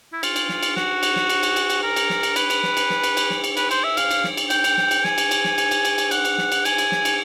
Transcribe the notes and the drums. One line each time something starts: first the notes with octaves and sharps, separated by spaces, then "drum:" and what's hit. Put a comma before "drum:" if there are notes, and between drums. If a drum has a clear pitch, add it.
E4
F4, drum: cymbal
drum: cymbal
drum: snare
drum: cymbal
F#4, drum: snare
drum: cymbal
drum: snare
drum: cymbal
drum: cymbal
drum: cymbal
drum: cymbal
A#4
drum: cymbal
drum: snare
drum: cymbal
B4, drum: cymbal
drum: cymbal
drum: snare
drum: cymbal
drum: snare
drum: cymbal
drum: cymbal
drum: snare
drum: cymbal
B4, drum: cymbal
C5, drum: cymbal
E5
F5, drum: cymbal
drum: cymbal
drum: snare
drum: cymbal
G5, drum: cymbal
drum: cymbal
drum: snare
drum: cymbal
G#5, drum: snare
drum: cymbal
drum: cymbal
drum: snare
drum: cymbal
drum: cymbal
drum: cymbal
drum: cymbal
F#5, drum: cymbal
drum: cymbal
drum: snare
drum: cymbal
G#5, drum: cymbal
drum: cymbal
drum: snare
drum: cymbal